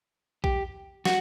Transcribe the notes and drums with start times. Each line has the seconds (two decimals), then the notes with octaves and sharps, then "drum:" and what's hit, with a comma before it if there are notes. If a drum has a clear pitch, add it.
0.44 G4, drum: kick A#1
1.05 F#4, drum: snare